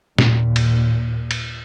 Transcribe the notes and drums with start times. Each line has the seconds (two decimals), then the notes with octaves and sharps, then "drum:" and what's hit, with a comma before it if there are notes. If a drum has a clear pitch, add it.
0.18 D#2 A#2, drum: snare
0.56 drum: cymbal
1.31 drum: cymbal